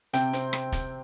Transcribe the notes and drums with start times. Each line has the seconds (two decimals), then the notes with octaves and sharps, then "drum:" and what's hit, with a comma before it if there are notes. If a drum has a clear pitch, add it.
0.13 C3 G5, drum: hi-hat
0.33 C4, drum: hi-hat
0.53 drum: rim click
0.72 drum: kick, hi-hat